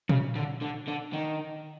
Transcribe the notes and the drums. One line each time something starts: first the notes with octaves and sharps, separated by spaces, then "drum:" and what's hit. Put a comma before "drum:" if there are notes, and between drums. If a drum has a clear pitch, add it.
C#3, drum: tom A#2
D3
D3
D3
D#3